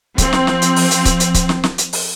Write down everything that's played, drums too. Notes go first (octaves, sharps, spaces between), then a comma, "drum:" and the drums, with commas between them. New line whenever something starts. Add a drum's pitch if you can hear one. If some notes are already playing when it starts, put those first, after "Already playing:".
F3 C4, drum: kick C#1, hi-hat
drum: snare
drum: snare
drum: hi-hat
drum: open hi-hat
drum: hi-hat
drum: kick C#1, hi-hat
drum: hi-hat
drum: kick C#1, hi-hat
drum: snare
drum: snare
drum: hi-hat
drum: open hi-hat